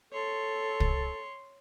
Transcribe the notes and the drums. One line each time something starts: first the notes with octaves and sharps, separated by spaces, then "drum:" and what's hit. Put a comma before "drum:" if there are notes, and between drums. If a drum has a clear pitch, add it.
A4 C#5 C6
drum: kick